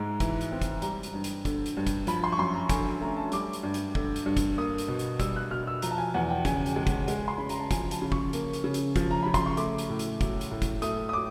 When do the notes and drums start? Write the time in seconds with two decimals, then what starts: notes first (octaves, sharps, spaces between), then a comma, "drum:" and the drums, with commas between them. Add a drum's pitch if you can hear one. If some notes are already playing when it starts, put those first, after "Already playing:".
Already playing: G#2 G#3
0.20 E3, drum: kick, hi-hat
0.41 drum: hi-hat
0.52 C4
0.62 drum: kick, hi-hat
0.82 G3 A#5, drum: hi-hat
1.03 drum: hi-hat
1.14 G2
1.24 drum: hi-hat
1.45 D3, drum: kick, hi-hat
1.66 drum: hi-hat
1.77 G2
1.87 drum: kick, hi-hat
2.07 F3 B5, drum: hi-hat
2.24 C6
2.32 C#6
2.38 F#2 C6
2.54 A#5
2.69 D3 G#5, drum: kick, hi-hat
2.85 G#5
3.01 A3 A#5
3.17 A5
3.32 G3 D6, drum: hi-hat
3.53 drum: hi-hat
3.63 G2
3.74 drum: hi-hat
3.95 D3, drum: kick
4.16 drum: hi-hat
4.26 G2
4.37 drum: kick, hi-hat
4.57 A#3 D#6
4.78 drum: hi-hat
4.88 B2
4.99 drum: hi-hat
5.20 G3 E6, drum: kick, hi-hat
5.36 F#6
5.51 B2 F6
5.67 E6
5.82 F3 A#5, drum: hi-hat
5.91 A5
5.98 G#5
6.14 E2 F#5
6.30 G5
6.45 C#3 G#5, drum: kick, hi-hat
6.66 drum: hi-hat
6.76 G#3
6.87 drum: kick, hi-hat
7.08 G#3, drum: hi-hat
7.28 C6
7.38 C#3 B5
7.49 A#5, drum: hi-hat
7.60 A5
7.71 F3 G#5, drum: kick, hi-hat
7.91 A5, drum: hi-hat
8.02 C#3
8.12 C#6, drum: kick
8.33 A#3, drum: hi-hat
8.53 drum: hi-hat
8.64 C#3
8.74 drum: hi-hat
8.96 F3, drum: kick, hi-hat
9.11 A#5
9.23 C#3 B5
9.34 C6, drum: kick, hi-hat
9.46 C#6
9.57 A3 D6, drum: hi-hat
9.78 drum: hi-hat
9.89 A2
9.99 drum: hi-hat
10.21 F#3, drum: kick, hi-hat
10.41 drum: hi-hat
10.51 A2
10.62 drum: kick, hi-hat
10.82 A3 D#6, drum: hi-hat
11.09 D#6
11.13 D6